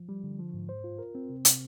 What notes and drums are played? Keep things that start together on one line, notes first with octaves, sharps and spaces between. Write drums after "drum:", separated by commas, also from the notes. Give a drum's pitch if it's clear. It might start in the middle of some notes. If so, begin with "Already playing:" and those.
Already playing: F3
G3
D3
F3
G#2
C5
F4
A#4
C4
C3
C3, drum: hi-hat